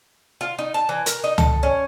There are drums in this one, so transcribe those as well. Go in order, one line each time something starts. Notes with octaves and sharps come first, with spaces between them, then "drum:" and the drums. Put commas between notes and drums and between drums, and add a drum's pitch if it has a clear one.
F4
D#4
A5
E3
A#4, drum: hi-hat
D#4
A4, drum: tom C#2
C#4